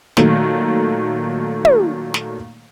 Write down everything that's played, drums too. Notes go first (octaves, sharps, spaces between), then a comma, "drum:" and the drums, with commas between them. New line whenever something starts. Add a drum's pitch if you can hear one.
A#2 D#3 F#3 A3, drum: snare
drum: tom
drum: snare